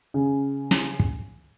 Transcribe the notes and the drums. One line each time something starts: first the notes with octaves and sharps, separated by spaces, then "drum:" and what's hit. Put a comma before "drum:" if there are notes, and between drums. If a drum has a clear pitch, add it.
C#3
drum: snare
drum: kick